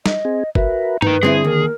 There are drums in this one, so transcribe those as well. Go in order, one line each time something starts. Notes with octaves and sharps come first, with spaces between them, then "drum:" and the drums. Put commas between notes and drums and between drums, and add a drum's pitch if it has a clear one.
D#5, drum: snare G3
C4 G#4
F#4 A#4 B4 E5, drum: kick
D#4 A#4 B4, drum: tom G2
G2 D3 C4 E4 G#4
D#2 A#4